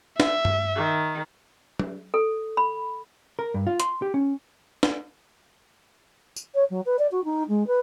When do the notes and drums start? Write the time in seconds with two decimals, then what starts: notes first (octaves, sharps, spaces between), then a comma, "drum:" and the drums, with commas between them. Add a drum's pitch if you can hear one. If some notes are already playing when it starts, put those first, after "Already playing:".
0.20 E5, drum: snare
0.45 drum: tom G2
0.76 D#3
1.79 drum: tom
2.14 A4
2.57 B5
3.39 A#4
3.54 G2
3.67 F4
3.80 C6, drum: hi-hat
4.02 G4
4.14 C#4
4.83 drum: snare
6.36 drum: tambourine
6.54 C#5
6.70 F#3
6.85 B4
6.98 D5
7.11 F#4
7.24 D#4
7.48 G#3
7.67 B4